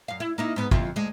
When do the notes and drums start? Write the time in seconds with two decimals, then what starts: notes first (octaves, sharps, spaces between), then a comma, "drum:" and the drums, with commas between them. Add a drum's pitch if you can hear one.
0.08 F#2 F5
0.20 E4
0.38 A#3 D#4 E4
0.56 G#2 B3
0.71 F2 E4 F4, drum: kick G1
0.96 D2 G#3